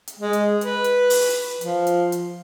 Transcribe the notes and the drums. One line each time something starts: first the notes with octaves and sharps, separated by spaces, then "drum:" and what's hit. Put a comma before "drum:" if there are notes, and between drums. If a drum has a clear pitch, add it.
drum: hi-hat
G#3
drum: hi-hat
B4, drum: hi-hat
drum: hi-hat
drum: open hi-hat
F3, drum: hi-hat
drum: hi-hat
drum: hi-hat